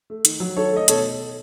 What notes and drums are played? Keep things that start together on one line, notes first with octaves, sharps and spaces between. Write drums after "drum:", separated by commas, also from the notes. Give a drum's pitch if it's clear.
A3
D#3, drum: hi-hat
F#3
D#3 A4 C#5
A3 D#5
B2 A4 C#5, drum: hi-hat